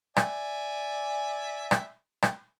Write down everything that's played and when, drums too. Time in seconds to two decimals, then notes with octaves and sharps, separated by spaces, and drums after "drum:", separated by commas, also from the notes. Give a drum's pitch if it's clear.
0.16 D5 E5 G#5, drum: rim click
1.71 drum: rim click
2.22 drum: rim click